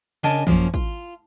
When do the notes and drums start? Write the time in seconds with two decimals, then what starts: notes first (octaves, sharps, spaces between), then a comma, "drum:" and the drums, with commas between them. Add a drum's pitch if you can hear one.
0.23 C#3 D4 A#4 D#5 G#5 A5
0.47 F#2 F3 A#3 C#4, drum: kick
0.74 F4, drum: kick